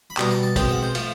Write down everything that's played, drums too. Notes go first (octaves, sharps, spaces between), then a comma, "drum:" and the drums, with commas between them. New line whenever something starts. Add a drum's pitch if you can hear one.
B5
B2 G3 B3 A#5, drum: clap
A5
A5
B2 G#3 C4 G5, drum: kick, cymbal
F#5
C5
F3 A3, drum: cymbal